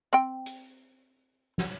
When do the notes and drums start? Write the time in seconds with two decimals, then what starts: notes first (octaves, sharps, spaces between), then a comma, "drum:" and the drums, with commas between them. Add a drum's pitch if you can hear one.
0.13 C4 G5
0.46 drum: hi-hat
1.58 drum: snare